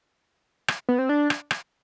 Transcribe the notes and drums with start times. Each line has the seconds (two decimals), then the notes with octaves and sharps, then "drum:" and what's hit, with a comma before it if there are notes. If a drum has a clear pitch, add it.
0.68 drum: rim click
0.89 B3
0.99 C4
1.09 D4
1.30 drum: rim click
1.51 drum: rim click